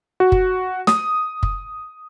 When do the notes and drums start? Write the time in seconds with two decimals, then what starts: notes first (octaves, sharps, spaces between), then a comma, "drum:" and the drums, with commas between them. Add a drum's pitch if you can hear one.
0.20 F#4
0.32 drum: kick
0.87 D#6, drum: snare
1.43 drum: kick